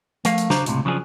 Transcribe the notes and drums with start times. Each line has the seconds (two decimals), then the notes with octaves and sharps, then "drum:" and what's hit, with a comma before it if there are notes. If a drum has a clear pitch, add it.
0.25 F3 A3 A#4 F5, drum: hi-hat
0.38 drum: hi-hat
0.50 C#3 D4 F#4 C5 A#5, drum: snare
0.66 C#2 A2 C3, drum: hi-hat
0.85 C#3 F3 F#3 D4 G#4